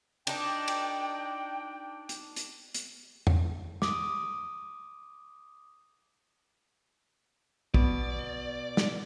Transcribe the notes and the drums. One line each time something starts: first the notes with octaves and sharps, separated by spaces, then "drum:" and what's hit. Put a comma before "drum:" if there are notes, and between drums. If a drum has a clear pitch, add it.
D4 D#4 G5, drum: cymbal
drum: cymbal
drum: hi-hat
drum: hi-hat
drum: hi-hat
drum: tom E2
D6 D#6, drum: snare
B2 D5, drum: kick
drum: snare